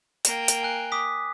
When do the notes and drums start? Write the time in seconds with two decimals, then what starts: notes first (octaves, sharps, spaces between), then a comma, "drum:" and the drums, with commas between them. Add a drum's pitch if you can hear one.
0.25 A#3 G5, drum: hi-hat
0.48 drum: hi-hat
0.63 G#5 F#6
0.92 D6 D#6 B6